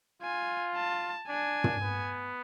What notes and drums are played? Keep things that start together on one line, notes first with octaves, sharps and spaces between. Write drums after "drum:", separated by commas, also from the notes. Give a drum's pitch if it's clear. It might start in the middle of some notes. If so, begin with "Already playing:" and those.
F4 G#5
A5
D4 G#5
drum: tom
B3